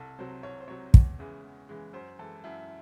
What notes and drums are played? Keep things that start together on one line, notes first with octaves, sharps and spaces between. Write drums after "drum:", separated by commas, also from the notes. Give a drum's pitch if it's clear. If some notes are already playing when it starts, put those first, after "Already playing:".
Already playing: C2 A4
C3 F#3 C5
C2 C#5
C5
C3 F#3 C#5
E2, drum: kick
C#3 E3 G#3
E2
C#3 E3 G#3
F#2 C5
E3 G#3 A4
F#2 E4